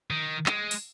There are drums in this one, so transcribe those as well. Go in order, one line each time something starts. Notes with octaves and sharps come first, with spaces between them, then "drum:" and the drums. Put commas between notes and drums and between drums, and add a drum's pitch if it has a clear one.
D#3
G#3, drum: clap
drum: open hi-hat